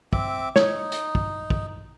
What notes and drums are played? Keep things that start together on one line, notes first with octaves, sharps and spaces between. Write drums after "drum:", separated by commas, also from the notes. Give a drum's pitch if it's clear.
C4 E5 D6, drum: kick
D#4 C#5, drum: snare
drum: hi-hat
drum: kick
drum: kick